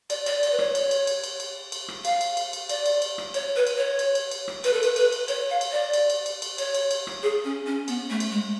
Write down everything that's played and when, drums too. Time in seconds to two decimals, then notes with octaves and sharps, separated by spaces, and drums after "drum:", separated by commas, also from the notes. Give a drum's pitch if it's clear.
0.10 D5, drum: cymbal
0.26 D5, drum: cymbal
0.43 D5, drum: cymbal
0.52 B4
0.59 C#5, drum: rim click
0.75 drum: cymbal
0.91 drum: cymbal
1.07 drum: cymbal
1.24 drum: cymbal
1.40 drum: cymbal
1.72 drum: cymbal
1.88 drum: rim click
2.05 F5, drum: cymbal
2.21 drum: cymbal
2.37 drum: cymbal
2.53 drum: cymbal
2.69 D5, drum: cymbal
2.86 drum: cymbal
3.02 drum: cymbal
3.18 drum: rim click
3.34 C#5, drum: cymbal
3.56 B4
3.67 drum: cymbal
3.78 C#5
3.99 drum: cymbal
4.15 drum: cymbal
4.31 drum: cymbal
4.48 drum: rim click
4.64 B4, drum: cymbal
4.73 A4
4.83 B4, drum: cymbal
4.96 B4, drum: cymbal
5.12 drum: cymbal
5.28 C#5, drum: cymbal
5.50 F5
5.61 drum: cymbal
5.72 D5
5.93 drum: cymbal
6.10 drum: cymbal
6.26 drum: cymbal
6.42 drum: cymbal
6.58 C#5, drum: cymbal
6.74 drum: cymbal
6.91 drum: cymbal
7.07 drum: rim click
7.23 G#4
7.45 C#4
7.66 C#4
7.88 B3, drum: cymbal
8.10 A3
8.20 drum: cymbal
8.31 G#3